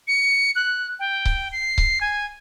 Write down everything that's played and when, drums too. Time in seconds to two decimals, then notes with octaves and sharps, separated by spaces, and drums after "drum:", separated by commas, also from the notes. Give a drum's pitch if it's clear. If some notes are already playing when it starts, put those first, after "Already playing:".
0.08 C#7
0.56 F#6
0.99 G5
1.25 drum: kick C#1
1.52 C7
1.78 drum: kick C#1
2.01 G#5